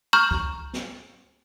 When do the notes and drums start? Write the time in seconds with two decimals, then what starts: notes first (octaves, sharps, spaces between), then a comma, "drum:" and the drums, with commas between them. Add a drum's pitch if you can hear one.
0.13 A#5 C#6 F6 G6
0.31 drum: kick
0.73 drum: snare